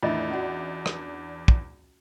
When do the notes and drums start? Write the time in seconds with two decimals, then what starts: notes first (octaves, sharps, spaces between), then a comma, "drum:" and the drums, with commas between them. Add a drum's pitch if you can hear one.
0.03 E2 A2 D#3 D4 E4 F4 D#5 E5
0.30 C#4 F#4 D5 F#5
0.86 drum: rim click
1.48 drum: kick